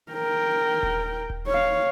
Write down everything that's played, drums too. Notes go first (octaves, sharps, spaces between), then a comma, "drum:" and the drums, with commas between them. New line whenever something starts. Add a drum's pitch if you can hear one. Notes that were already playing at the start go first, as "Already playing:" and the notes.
A#4 G5
drum: kick D#1
drum: kick D#1
C#5 F5